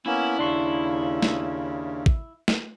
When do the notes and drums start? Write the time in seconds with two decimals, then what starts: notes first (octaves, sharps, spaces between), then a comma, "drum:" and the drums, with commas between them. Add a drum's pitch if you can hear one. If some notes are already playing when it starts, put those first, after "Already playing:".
0.06 A#3 B3 C#4 E4
0.39 D#2 C#3 D4 C6 C#6
1.23 drum: snare
2.06 drum: kick
2.48 drum: snare